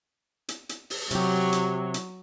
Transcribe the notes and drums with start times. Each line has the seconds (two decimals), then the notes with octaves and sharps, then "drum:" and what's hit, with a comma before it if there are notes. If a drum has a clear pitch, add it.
0.49 drum: hi-hat
0.69 drum: hi-hat
0.90 drum: open hi-hat
1.11 C3 F#3 G4, drum: hi-hat
1.52 drum: hi-hat
1.94 drum: hi-hat